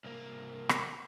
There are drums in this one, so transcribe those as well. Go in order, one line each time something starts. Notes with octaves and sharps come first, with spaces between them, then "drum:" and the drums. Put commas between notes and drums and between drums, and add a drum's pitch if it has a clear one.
C2 A#3
drum: rim click